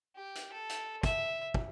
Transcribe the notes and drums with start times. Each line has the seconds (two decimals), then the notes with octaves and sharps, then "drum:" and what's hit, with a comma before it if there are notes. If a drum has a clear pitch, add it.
0.16 G4
0.35 drum: hi-hat
0.53 A4
0.69 drum: hi-hat
1.03 E5, drum: kick, hi-hat
1.54 drum: kick